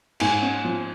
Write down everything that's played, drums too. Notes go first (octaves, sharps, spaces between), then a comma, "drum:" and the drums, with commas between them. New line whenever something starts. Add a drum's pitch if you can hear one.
G#2 G#5, drum: cymbal
C#4
F3